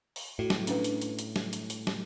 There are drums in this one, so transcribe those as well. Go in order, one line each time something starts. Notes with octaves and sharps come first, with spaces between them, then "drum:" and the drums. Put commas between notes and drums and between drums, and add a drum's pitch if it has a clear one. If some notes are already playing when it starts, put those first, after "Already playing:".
drum: open hi-hat
A2 F#4
drum: snare
C#4 D4 B4, drum: hi-hat
drum: hi-hat
drum: hi-hat
drum: hi-hat
drum: snare
drum: hi-hat
drum: hi-hat
drum: snare